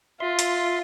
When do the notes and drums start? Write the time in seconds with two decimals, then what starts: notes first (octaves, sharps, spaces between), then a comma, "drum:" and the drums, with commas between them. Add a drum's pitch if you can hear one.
0.20 F4 E5 C6
0.39 drum: hi-hat